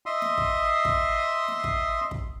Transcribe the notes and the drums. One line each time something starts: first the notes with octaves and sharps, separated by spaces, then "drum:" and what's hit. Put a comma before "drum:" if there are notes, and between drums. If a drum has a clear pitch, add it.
D#5 E5 C6 D#6
drum: snare
drum: kick
drum: kick
drum: snare
drum: kick
drum: kick